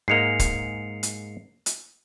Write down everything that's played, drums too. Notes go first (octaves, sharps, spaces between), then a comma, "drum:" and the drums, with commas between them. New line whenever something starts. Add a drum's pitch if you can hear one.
G#2 G#3 A#3 C7 C#7 F7
drum: kick C#1, hi-hat
drum: hi-hat
drum: hi-hat